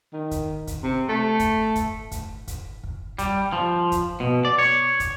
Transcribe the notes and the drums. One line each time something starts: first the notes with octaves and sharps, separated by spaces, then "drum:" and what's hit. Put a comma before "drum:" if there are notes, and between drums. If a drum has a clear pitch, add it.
D#3
drum: kick, hi-hat
drum: kick, hi-hat
C3
A3
drum: kick, hi-hat
drum: kick, hi-hat
drum: kick, hi-hat
drum: kick, hi-hat
drum: kick
G3, drum: kick, hi-hat
F3
drum: kick, hi-hat
B2
D5
C#5
drum: kick, hi-hat